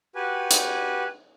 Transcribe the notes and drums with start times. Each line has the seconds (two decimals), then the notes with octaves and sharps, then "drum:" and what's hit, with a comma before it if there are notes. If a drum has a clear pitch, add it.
0.15 F#4 G4 B4 G#5
0.51 drum: hi-hat